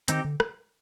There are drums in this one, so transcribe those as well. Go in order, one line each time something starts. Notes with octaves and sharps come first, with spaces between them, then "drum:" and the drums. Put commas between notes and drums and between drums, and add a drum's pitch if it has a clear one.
D#3 C4 D#4 G4, drum: hi-hat
D3
drum: rim click